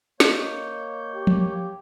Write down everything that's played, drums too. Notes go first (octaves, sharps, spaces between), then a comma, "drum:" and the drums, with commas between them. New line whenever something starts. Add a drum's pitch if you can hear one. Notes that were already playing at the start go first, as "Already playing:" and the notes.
A#3 C#5 D#5 G6, drum: snare
G4
drum: tom F3